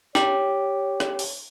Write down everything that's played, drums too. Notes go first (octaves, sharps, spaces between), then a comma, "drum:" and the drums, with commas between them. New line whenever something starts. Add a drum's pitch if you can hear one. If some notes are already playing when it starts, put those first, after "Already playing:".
G4 C#5, drum: snare
drum: rim click
drum: open hi-hat